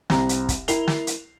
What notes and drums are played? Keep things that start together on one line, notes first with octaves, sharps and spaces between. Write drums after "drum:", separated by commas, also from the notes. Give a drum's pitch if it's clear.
C2 C4 A#5, drum: snare
drum: hi-hat
drum: kick, hi-hat
E4 A#4 C7 F7 G7, drum: hi-hat
drum: snare
drum: hi-hat